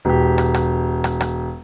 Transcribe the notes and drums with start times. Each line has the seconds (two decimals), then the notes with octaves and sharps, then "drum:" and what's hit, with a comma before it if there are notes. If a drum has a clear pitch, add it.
0.05 E1 G4
0.38 drum: rim click
0.54 drum: rim click
1.04 drum: rim click
1.21 drum: rim click